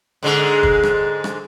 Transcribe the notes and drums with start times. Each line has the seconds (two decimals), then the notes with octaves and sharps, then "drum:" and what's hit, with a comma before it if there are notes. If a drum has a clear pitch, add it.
0.23 G#2 D3 G#3
0.63 drum: kick
0.83 drum: rim click
1.24 drum: rim click